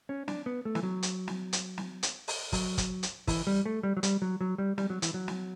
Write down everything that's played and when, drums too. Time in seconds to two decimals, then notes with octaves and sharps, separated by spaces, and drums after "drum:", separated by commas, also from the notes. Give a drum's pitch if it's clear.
0.09 C#4
0.28 D4, drum: snare
0.46 B3
0.65 A3
0.75 E3, drum: snare
0.83 F#3
1.03 drum: hi-hat
1.28 drum: snare
1.53 drum: hi-hat
1.78 drum: snare
2.03 drum: hi-hat
2.28 drum: open hi-hat
2.52 F#3, drum: kick, open hi-hat
2.78 drum: kick, hi-hat
3.03 drum: hi-hat
3.27 E3, drum: kick, open hi-hat
3.47 G3
3.66 A3
3.83 G3
3.97 F#3
4.03 G3, drum: hi-hat
4.22 F#3
4.41 F#3
4.58 G3
4.78 G3, drum: snare
4.90 F#3
5.02 E3, drum: hi-hat
5.14 F#3
5.28 drum: snare